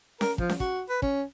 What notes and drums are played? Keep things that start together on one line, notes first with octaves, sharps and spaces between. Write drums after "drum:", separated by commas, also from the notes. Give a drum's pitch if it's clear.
A#4, drum: snare C#4
F3, drum: kick
drum: snare C#4
F#4, drum: kick
B4
C#4, drum: kick